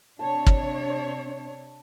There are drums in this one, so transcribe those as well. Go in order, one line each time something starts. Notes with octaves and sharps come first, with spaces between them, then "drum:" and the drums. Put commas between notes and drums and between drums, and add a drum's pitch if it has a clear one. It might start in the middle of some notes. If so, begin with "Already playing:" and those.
C3 D4 C#5 A5
drum: kick